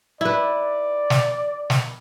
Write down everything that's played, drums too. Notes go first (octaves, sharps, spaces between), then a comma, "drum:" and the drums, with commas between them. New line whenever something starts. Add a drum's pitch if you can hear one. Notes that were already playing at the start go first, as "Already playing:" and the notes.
E4 B4 D5
drum: snare
drum: snare